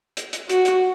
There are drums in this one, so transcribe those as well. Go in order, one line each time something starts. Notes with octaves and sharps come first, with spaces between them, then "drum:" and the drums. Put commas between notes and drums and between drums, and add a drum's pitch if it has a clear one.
drum: hi-hat
drum: hi-hat
F#4, drum: hi-hat
drum: hi-hat